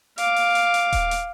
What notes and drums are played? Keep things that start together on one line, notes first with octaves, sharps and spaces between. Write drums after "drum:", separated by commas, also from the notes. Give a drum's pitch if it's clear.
F5 D6, drum: hi-hat
drum: open hi-hat
drum: hi-hat
drum: hi-hat
drum: kick D#1, hi-hat
drum: hi-hat